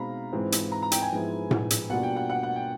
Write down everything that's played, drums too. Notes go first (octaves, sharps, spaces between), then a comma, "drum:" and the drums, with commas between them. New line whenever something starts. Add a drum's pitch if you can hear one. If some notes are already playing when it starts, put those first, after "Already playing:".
Already playing: B2 G#3 C4 D#4 F5 A#5 B5
G#2 E3 G#3 C4 F4
drum: hi-hat
A#5
A#5
G5, drum: hi-hat
G#5
G#2 F3 G#3 B3 E4
drum: tom A2
drum: hi-hat
B2 G3 A#3 D4 F4 F#5
G5
F#5
F#5
F#5
G5